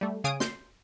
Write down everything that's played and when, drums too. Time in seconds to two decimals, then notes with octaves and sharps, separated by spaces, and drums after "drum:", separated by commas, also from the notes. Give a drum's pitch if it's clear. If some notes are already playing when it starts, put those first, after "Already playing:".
0.01 G3 A3
0.24 C#3 F5 G#5 D#6 D7
0.40 C6 G6 C7, drum: snare